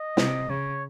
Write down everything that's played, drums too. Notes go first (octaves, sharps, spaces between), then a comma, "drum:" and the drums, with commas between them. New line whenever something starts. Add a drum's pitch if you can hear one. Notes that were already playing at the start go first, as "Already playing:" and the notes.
Already playing: D#5
C3, drum: snare
C#3 C#5